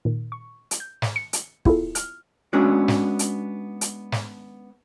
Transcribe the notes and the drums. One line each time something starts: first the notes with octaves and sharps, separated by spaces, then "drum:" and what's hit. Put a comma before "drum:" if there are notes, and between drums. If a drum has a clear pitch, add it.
A#2 D#3
C#6
drum: hi-hat
G6
drum: snare
C#7
drum: hi-hat
B3 E4 F4 G#4 A4, drum: kick
F6, drum: hi-hat
G#3 B3 C#4 D4 F#4
drum: snare
drum: hi-hat
drum: hi-hat
drum: snare